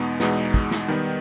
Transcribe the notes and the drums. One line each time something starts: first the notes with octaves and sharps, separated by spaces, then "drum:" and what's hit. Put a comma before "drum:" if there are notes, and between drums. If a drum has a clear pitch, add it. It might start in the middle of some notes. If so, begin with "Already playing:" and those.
Already playing: E2 B2 G#3 B3 D#4
E2 B2 G#3 B3 D#4, drum: snare
drum: kick
drum: snare
D#3 G3 B3